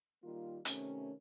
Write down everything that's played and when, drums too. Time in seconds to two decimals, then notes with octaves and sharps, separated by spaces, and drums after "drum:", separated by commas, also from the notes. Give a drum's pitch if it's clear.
0.23 D#3 G3 A#3 F4
0.65 C3 D#3 A3 C#4, drum: hi-hat